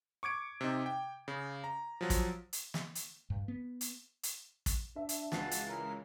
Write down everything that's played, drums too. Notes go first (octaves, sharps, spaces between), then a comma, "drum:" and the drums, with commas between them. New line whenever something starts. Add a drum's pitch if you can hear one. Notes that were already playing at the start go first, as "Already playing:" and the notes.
C#6 D6 G#6 D7
C3 D#4
G5
C#3
A#5
F3 F#3
drum: kick, hi-hat
drum: hi-hat
drum: snare
drum: hi-hat
G2
B3
drum: hi-hat
drum: hi-hat
drum: kick, hi-hat
D4 E5
drum: hi-hat
C#2 C#3 E3 G#3 F#4 A5 C7, drum: snare
drum: hi-hat
C#4 A#4